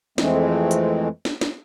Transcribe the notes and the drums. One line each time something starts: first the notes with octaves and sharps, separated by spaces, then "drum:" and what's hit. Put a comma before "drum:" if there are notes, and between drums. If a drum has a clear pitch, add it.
F2 E3 G#3 A3 C4, drum: snare
drum: hi-hat
drum: snare
drum: snare